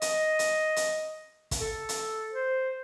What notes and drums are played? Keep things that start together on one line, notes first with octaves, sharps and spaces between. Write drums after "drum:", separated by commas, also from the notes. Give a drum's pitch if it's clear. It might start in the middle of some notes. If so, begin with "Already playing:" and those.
D#5, drum: hi-hat
drum: hi-hat
drum: hi-hat
drum: kick, hi-hat
A4
drum: hi-hat
C5